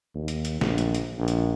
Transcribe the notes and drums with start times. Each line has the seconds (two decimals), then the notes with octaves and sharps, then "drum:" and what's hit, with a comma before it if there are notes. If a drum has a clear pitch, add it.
0.15 D#2
0.28 drum: hi-hat
0.45 drum: hi-hat
0.61 A#1, drum: snare
0.78 drum: hi-hat
0.95 drum: hi-hat
1.18 A#1
1.28 drum: hi-hat